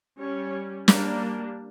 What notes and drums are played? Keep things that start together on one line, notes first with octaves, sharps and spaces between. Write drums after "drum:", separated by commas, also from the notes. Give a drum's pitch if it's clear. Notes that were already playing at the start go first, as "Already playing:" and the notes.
G3 C#4 C#5
G3 A#3 D4, drum: snare